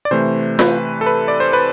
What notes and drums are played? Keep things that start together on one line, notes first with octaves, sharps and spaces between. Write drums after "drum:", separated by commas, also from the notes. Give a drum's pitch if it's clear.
D5
C3 E3 A3 C5
B4, drum: snare F4
A4
B4
D5
C5
B4